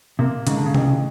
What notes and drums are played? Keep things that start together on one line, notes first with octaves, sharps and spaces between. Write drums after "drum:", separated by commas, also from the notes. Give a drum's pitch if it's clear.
C3 A#3
G#2 C#3, drum: hi-hat
D3
C#3
A1, drum: tom C3